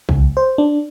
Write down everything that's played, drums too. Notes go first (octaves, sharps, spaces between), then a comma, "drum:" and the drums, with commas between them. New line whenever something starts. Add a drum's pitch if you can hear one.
C#2, drum: kick
C5
D4